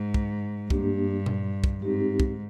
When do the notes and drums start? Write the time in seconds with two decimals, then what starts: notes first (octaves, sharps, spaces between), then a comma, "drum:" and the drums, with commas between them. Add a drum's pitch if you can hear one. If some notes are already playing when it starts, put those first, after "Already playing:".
Already playing: G#2
0.14 drum: kick
0.70 G2 A#3 D4 G4, drum: kick
1.26 drum: tom A#2
1.64 drum: kick
1.82 G#2 C4 D#4 G4
2.20 drum: kick